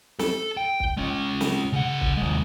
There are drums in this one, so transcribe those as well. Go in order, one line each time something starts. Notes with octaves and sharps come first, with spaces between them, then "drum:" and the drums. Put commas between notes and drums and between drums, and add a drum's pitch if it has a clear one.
A4, drum: snare
G5
drum: kick
G#3 C#4
drum: snare
C#3 F#5
drum: kick
D#2 G#3